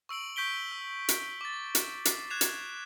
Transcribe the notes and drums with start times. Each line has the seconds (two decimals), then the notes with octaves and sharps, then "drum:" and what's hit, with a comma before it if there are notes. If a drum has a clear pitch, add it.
0.09 C#6 E6 D7 F#7
0.36 C#6 G6 B6 D7 G7
0.72 E6
1.09 drum: hi-hat
1.41 D6 A6
1.75 drum: hi-hat
2.05 C7, drum: hi-hat
2.30 F#6 G#6 C7 E7 F7
2.41 drum: hi-hat